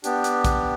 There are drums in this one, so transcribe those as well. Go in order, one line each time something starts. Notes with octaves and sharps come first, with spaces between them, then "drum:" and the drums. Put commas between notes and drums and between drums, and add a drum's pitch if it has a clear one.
B3 D4 G4, drum: hi-hat
drum: hi-hat
drum: kick, hi-hat